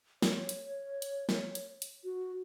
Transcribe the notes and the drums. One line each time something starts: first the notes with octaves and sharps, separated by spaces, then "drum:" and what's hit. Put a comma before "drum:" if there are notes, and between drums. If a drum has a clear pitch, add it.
C#5, drum: snare
drum: hi-hat
drum: hi-hat
drum: snare
drum: hi-hat
drum: hi-hat
F#4